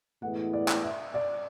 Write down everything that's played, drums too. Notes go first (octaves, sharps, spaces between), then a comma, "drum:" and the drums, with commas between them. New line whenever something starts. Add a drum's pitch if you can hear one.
A2 E3 G#3 B3 E4 F#5
D5
drum: clap
E5
D5